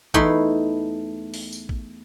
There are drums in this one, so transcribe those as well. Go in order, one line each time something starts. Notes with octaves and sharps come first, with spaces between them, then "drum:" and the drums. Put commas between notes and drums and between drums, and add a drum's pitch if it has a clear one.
E2 A3 D#4 E4 B5 C6, drum: kick
drum: open hi-hat
drum: tambourine
drum: kick